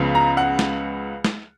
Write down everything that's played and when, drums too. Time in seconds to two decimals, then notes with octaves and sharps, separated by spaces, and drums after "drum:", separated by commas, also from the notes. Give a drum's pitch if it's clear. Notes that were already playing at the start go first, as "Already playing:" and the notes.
Already playing: C#2 C#3 F3 B3
0.15 A#5
0.37 F#5
0.59 drum: snare
1.24 drum: snare